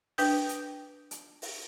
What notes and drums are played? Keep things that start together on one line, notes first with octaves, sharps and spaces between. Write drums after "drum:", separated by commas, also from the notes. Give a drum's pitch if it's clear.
D4 B4 G5 D#6 G6, drum: open hi-hat
drum: hi-hat
drum: hi-hat
drum: open hi-hat